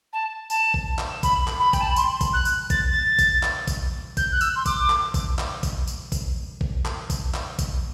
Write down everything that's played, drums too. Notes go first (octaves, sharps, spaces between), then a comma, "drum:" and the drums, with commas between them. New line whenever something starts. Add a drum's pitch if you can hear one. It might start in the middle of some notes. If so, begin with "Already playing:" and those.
A5
A5, drum: tambourine
drum: kick
drum: clap
B5, drum: kick, tambourine
drum: clap
B5
G5, drum: kick, tambourine
A5
B5
C6, drum: tambourine
drum: kick, tambourine
F#6
drum: tambourine
A6, drum: kick, tambourine
A6
drum: kick, tambourine
drum: clap
drum: kick, tambourine
G6, drum: kick, tambourine
F#6
E6, drum: tambourine
C6
D6, drum: kick, tambourine
drum: clap
drum: kick, tambourine
drum: clap
drum: kick, tambourine
drum: tambourine
drum: kick, tambourine
drum: kick
drum: clap
drum: kick, tambourine
drum: clap
drum: kick, tambourine